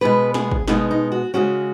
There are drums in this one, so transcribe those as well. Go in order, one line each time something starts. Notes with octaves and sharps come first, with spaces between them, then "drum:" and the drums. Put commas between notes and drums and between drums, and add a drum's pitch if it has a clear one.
B2 G#3 B3 B4
G#4, drum: snare
drum: kick
B2 G#3 B3 D#4, drum: snare
D#4
F#4
C#3 G#3 C#4 F#4